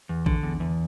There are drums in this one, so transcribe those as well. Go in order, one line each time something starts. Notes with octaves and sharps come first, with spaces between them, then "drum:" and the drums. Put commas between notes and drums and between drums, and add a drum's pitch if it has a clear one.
E2
D3, drum: kick A#1
E2
E2